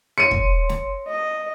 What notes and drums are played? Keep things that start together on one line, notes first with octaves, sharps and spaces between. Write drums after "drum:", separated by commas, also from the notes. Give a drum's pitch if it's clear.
C#5 C6 C#7 D#7
drum: kick
drum: snare
D#5